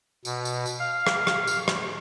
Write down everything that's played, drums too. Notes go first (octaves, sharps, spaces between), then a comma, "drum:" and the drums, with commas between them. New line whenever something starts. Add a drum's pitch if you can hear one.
B2, drum: tambourine
drum: tambourine
drum: tambourine
F5
drum: rim click
drum: rim click
drum: tambourine
drum: rim click